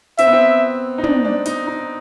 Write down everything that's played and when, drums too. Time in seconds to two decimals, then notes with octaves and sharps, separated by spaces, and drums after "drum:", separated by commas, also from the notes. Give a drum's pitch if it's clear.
0.18 C4 E5, drum: hi-hat
0.27 B3
0.33 C4
0.98 D#4
1.03 D4, drum: tom
1.25 D4
1.46 D#4, drum: hi-hat
1.67 D#4